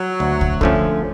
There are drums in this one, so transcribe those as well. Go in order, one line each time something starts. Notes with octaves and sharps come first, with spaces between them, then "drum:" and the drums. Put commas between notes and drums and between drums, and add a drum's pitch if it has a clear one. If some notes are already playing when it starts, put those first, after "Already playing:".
Already playing: F#3
D2
drum: kick
D3 F3 A3 C#4, drum: kick